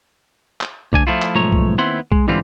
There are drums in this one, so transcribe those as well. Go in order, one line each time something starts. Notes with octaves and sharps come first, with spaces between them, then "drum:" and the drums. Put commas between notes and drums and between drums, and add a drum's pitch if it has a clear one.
drum: clap
D2 D4 G#5, drum: kick B1
F3 A3 E4 F4
drum: clap
B1 G#2 F3 A3 C#5 A#5
drum: kick B1
D#2 B3 C4 E4 F#5 C6
G#3, drum: kick B1
G#2 D3 E3 G3 C4 F4